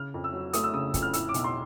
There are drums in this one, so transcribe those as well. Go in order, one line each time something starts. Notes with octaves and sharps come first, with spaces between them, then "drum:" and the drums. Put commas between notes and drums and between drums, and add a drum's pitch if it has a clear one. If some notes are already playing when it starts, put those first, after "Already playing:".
Already playing: C#3 F6
F2
E6
F#3
A3 D#6, drum: hi-hat
E6
C#3 D#6
F2, drum: kick, hi-hat
F6
A2 E6, drum: hi-hat
D6
B1, drum: hi-hat
C6